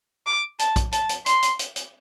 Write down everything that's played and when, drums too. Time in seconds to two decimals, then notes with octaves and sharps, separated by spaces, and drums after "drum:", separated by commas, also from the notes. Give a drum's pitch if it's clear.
0.26 D6
0.59 A5, drum: hi-hat
0.76 drum: kick, hi-hat
0.92 A5, drum: hi-hat
1.09 drum: hi-hat
1.26 C6, drum: hi-hat
1.43 drum: hi-hat
1.59 drum: hi-hat
1.76 drum: hi-hat